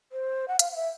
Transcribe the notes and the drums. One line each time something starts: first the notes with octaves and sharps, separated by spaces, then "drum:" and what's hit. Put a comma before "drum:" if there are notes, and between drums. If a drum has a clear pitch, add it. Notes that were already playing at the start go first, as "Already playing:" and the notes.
C5
F#5
F5, drum: hi-hat
F5
E5